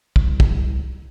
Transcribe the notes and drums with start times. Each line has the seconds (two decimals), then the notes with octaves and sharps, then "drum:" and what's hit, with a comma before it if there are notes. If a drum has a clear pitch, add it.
0.16 C2, drum: kick
0.40 drum: kick